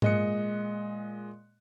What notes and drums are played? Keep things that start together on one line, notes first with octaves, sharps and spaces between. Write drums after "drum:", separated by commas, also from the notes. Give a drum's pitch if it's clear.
A#2 G#3 D#5 F#6 C#7, drum: tom G#2